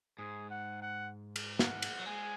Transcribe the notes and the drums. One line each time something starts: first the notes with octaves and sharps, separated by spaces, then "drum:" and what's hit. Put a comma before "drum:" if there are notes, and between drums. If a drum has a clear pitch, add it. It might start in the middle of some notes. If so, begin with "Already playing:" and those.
G#2 G#4
F#5
F#5
drum: cymbal
F#5, drum: snare
drum: cymbal
F#3
G#3 G#5